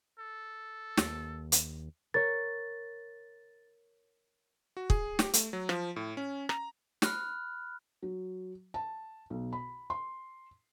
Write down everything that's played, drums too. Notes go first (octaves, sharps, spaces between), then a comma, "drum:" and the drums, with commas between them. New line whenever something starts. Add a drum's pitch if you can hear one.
A4
D#2, drum: snare
drum: hi-hat
A#4 C#5 A6
F#4
G#4, drum: kick
G4, drum: snare
A3, drum: hi-hat
F#3
F3, drum: rim click
A2
C#4
A#5, drum: rim click
B5 F6 F#6, drum: snare
F#3
A5
B1
B5
C6